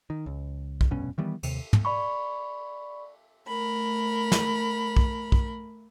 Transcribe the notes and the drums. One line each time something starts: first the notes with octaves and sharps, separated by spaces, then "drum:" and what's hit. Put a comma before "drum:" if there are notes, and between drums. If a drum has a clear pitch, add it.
D#3
C#2
drum: kick
F1 G2 B2 C#4
D#3 E3 G3 B3
D#2 C3, drum: cymbal
drum: tom
D5 B5 C#6
A3 A#4 B5
drum: snare
drum: kick
drum: kick